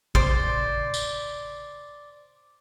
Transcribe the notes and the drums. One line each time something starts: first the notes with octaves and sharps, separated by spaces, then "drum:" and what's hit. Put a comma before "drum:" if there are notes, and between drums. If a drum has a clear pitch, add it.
C5 D5, drum: kick A1
drum: tambourine